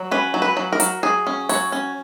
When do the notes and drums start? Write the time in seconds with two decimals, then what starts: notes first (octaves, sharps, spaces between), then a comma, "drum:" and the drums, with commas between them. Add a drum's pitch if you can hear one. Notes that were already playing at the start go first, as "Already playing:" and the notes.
Already playing: F#3
0.11 C#4 B4
0.34 F#3
0.42 B4
0.57 F#3
0.73 A#4
0.80 F#3, drum: hi-hat
1.03 F#3 G#4
1.27 C#4
1.49 F#3 C#5, drum: open hi-hat
1.72 C#4